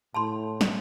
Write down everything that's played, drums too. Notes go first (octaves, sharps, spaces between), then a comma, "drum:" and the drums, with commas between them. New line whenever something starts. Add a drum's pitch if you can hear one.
A2 A5 B5 C6
drum: snare